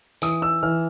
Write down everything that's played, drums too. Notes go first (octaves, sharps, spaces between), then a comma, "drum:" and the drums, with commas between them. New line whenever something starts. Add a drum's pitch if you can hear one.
E3 D#6, drum: tambourine
E6
E3 F6